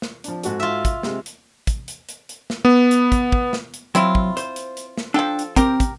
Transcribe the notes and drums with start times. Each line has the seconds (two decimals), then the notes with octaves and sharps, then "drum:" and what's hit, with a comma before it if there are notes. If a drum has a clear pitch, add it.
0.02 drum: snare
0.24 F3 D4, drum: hi-hat
0.43 G#2 F#4 A4, drum: hi-hat
0.60 F4 E5
0.85 drum: kick, hi-hat
1.03 C3 G#3, drum: snare
1.26 drum: hi-hat
1.67 drum: kick, hi-hat
1.88 drum: hi-hat
2.09 drum: hi-hat
2.29 drum: hi-hat
2.50 drum: snare
2.65 B3
2.91 drum: hi-hat
3.12 drum: kick, hi-hat
3.32 drum: kick
3.53 drum: snare
3.74 drum: hi-hat
3.95 F#3 C4 E4 F4, drum: hi-hat
4.15 drum: kick
4.37 C5, drum: hi-hat
4.56 drum: hi-hat
4.77 drum: hi-hat
4.98 drum: snare
5.14 F3 D4 A4 G5
5.39 drum: hi-hat
5.56 C4 G4 A#4, drum: kick, hi-hat
5.80 drum: kick, hi-hat